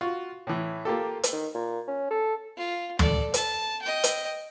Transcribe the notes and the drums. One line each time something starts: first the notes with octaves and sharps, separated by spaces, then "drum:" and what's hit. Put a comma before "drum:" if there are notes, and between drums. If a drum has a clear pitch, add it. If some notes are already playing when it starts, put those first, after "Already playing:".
F4 F#4
A2 E3
A#3 F4 G4 A4
drum: hi-hat
D#3
A#2
C#4
A4
F4
A4 D5, drum: tom
A5, drum: hi-hat
D#5 G5
drum: hi-hat